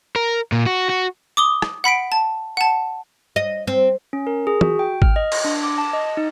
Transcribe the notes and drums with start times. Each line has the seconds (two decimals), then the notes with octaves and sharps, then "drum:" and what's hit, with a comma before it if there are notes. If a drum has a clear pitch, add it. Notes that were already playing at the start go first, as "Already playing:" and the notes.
0.16 A#4
0.52 A#2
0.66 F#4
0.90 F#4
1.37 D6 D#6 G7
1.62 drum: rim click
1.84 F#5 B5 B6 D7
2.12 A5
2.57 F#5 A5
3.36 D#5
3.67 C4
4.13 C#4
4.27 A#4
4.47 G#4
4.61 F#4, drum: tom
4.79 G5
5.02 F6, drum: kick G#1
5.16 D#5
5.32 drum: cymbal
5.45 D4
5.63 D6
5.78 A5
5.93 D#5
6.17 D#4